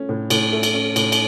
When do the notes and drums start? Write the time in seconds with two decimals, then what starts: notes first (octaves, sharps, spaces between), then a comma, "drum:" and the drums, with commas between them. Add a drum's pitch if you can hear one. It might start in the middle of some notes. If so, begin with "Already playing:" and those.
Already playing: A3 C#4
0.09 A2
0.30 A2, drum: cymbal
0.52 A3
0.63 drum: cymbal
0.74 C#4
0.96 A2, drum: cymbal
1.12 drum: cymbal